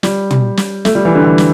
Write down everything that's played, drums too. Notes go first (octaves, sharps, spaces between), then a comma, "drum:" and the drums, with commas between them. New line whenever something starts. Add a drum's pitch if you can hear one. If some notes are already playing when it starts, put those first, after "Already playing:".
G3, drum: snare
drum: tom
drum: snare
A3, drum: snare
G3
E3
D3
E3
drum: snare